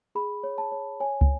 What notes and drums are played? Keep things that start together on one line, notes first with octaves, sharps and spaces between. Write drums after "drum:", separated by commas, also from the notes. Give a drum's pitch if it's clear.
G#4 B5
C#5
A5
C#5
C#5 G#5
drum: kick